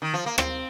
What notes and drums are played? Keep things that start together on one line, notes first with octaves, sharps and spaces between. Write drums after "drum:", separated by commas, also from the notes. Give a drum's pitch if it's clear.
D#3
F3
A#3
C4, drum: rim click